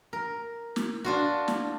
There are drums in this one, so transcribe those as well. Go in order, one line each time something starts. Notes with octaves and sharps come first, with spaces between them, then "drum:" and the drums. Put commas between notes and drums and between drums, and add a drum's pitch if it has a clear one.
A#4
drum: snare
D4 F4 F#4
drum: snare